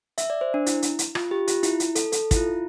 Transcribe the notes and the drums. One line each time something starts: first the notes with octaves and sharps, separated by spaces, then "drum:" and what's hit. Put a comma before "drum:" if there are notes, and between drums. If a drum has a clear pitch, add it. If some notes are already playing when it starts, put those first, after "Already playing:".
E5, drum: hi-hat
D5
C5
D4
E4, drum: hi-hat
drum: hi-hat
drum: hi-hat
F4, drum: rim click
G4
F4, drum: hi-hat
E4, drum: hi-hat
drum: hi-hat
A4, drum: hi-hat
A4, drum: hi-hat
E4, drum: kick, hi-hat
F4